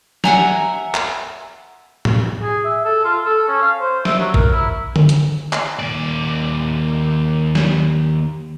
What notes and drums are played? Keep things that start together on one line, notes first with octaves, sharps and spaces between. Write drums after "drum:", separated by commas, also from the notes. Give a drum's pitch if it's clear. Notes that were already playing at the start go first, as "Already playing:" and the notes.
E5 F#5 G#5 A#5, drum: snare
drum: clap
drum: tom A2
G#4
E5
A4
F4
A4
C#4
F5
C5
E5, drum: snare
F#3
A#4, drum: kick A1
E4
drum: tom D3
drum: hi-hat
drum: clap
D#2 D5
drum: snare